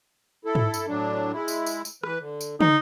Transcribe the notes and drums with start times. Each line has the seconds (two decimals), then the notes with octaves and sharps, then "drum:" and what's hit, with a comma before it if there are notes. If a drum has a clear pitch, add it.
0.45 E4 A4
0.55 drum: tom
0.74 drum: tambourine
0.87 A2 F#3 D4
1.33 G#3 E4
1.48 drum: tambourine
1.66 drum: tambourine
1.85 drum: tambourine
2.04 E3 B4, drum: rim click
2.19 D3
2.41 drum: tambourine
2.61 D#4, drum: tom